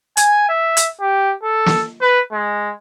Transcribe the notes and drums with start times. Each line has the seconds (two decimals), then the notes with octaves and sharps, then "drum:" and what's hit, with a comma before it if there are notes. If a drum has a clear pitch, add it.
0.17 G#5, drum: hi-hat
0.49 E5
0.77 drum: hi-hat
1.00 G4
1.43 A4
1.66 drum: snare
2.01 B4
2.32 G#3